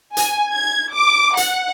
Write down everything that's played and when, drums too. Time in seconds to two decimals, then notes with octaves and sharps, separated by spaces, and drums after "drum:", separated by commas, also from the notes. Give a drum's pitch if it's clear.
0.17 G#5, drum: hi-hat
0.51 G#6
0.92 D6
1.37 F#5, drum: hi-hat